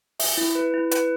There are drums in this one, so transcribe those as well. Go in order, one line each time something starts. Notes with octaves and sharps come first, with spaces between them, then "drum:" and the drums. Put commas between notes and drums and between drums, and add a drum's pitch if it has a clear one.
E5, drum: open hi-hat
E4
B4
E4
B4, drum: hi-hat